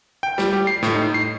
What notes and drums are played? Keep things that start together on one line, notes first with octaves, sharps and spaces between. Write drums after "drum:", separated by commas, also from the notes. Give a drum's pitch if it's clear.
G5
G3, drum: snare
G4
C7
A2, drum: snare
D#4
C7